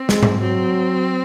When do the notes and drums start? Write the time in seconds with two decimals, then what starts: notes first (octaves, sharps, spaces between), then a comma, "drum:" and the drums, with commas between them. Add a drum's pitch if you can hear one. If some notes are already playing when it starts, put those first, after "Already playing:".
Already playing: C4
0.09 G#3, drum: snare
0.23 drum: tom G#2
0.40 F#3 C4